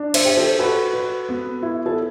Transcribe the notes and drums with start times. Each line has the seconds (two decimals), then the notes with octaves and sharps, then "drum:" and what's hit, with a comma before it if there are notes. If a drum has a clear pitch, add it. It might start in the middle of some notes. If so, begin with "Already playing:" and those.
Already playing: D4
0.14 C5 E5, drum: cymbal
0.25 G4
0.37 A4 C5
0.59 F#4 A4 B4
0.93 B4
1.29 B3
1.63 E4
1.86 A4